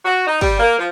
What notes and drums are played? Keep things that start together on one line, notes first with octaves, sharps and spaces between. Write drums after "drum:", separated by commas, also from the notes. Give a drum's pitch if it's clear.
F#4
D#4
G3, drum: kick, open hi-hat
A#3
F3